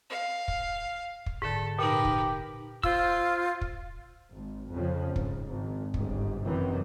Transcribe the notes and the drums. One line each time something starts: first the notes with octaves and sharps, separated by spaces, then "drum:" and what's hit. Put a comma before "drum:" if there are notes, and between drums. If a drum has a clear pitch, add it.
F5
drum: kick
drum: kick
G#2 D3 A4
A#2 D#4 G4 A#4 B4
drum: kick
F4 C5 E6, drum: kick
drum: kick
G#1
F2 C#3 F3
G#2, drum: kick
G#1
G1 G#2, drum: kick
F#2 C3 D#3 E3